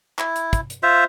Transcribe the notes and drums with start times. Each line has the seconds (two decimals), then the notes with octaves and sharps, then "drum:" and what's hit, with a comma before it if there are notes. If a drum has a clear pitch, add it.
0.19 E4, drum: clap
0.36 drum: hi-hat
0.53 drum: kick, hi-hat
0.70 drum: hi-hat
0.83 F4 C5 E5